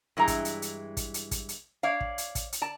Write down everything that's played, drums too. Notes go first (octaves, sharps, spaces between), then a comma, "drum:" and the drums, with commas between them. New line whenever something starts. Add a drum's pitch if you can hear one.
G2 E3 G#3 A#5
drum: kick, hi-hat
drum: hi-hat
drum: hi-hat
drum: kick, hi-hat
drum: hi-hat
drum: kick, hi-hat
drum: hi-hat
C#5 D5 F5
drum: kick
drum: hi-hat
drum: kick, hi-hat
drum: hi-hat
D5 A5